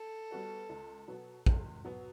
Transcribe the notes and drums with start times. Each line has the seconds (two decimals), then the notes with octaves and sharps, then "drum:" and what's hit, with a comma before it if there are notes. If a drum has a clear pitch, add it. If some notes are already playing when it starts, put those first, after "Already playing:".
Already playing: A4
0.31 G3 B3 F#4 B4
0.69 C#2
1.08 B2 F#3 B3
1.46 C#2, drum: kick A1
1.85 B2 F#3 B3